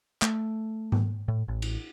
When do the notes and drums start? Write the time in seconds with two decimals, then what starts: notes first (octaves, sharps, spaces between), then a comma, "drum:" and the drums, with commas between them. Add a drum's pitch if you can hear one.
0.22 A3, drum: clap
0.92 drum: tom G#2
1.28 A2
1.48 A1
1.62 drum: cymbal